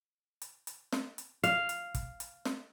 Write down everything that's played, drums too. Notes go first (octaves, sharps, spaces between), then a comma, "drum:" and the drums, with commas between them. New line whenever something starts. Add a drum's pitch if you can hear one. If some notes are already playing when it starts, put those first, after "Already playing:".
drum: hi-hat
drum: hi-hat
drum: snare
drum: hi-hat
F5, drum: hi-hat
drum: hi-hat
drum: kick, hi-hat
drum: hi-hat
drum: snare